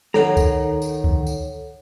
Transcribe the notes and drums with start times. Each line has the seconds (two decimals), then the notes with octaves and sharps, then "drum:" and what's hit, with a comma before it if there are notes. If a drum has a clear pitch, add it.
0.14 D#3 A4 C#5 F#5 A#5, drum: snare
0.37 drum: kick C#2, tambourine
0.82 drum: tambourine
1.04 drum: kick C#2
1.27 drum: tambourine